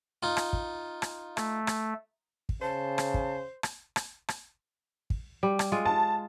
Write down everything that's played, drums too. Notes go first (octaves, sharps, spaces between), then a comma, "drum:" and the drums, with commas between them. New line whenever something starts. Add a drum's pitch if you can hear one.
D#4 F4
drum: rim click
drum: kick
drum: rim click
A3, drum: rim click
drum: rim click
drum: kick
C#3 C5 A5
drum: rim click
drum: kick
drum: rim click
drum: rim click
drum: rim click
drum: kick
G3
drum: rim click
G#3 F4
A5